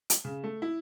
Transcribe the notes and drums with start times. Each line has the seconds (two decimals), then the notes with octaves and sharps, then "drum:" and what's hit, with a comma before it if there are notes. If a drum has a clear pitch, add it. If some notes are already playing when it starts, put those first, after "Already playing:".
0.10 drum: hi-hat
0.25 C#3
0.44 A3
0.62 E4